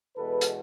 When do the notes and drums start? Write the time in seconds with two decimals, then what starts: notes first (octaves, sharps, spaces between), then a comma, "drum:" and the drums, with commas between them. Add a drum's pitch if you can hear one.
0.16 E2 B2 G#3 A4 B4
0.41 drum: hi-hat